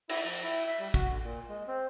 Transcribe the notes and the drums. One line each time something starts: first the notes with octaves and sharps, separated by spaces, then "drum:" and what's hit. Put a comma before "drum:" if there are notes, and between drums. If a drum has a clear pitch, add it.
E4, drum: cymbal
F3
E4
E5
G3
F#4, drum: kick
D3
A#2
G#3
C4